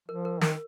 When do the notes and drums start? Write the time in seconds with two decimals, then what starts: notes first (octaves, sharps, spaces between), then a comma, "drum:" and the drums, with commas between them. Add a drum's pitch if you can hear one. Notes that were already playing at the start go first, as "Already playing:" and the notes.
0.08 F3 A#4
0.25 A#4
0.41 D#3 A#4, drum: snare